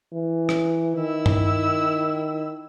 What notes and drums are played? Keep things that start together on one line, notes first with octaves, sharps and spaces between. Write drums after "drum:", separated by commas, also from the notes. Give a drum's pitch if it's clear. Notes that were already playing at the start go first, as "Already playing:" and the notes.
E3
drum: rim click
D#3 E4 E6
drum: tom G2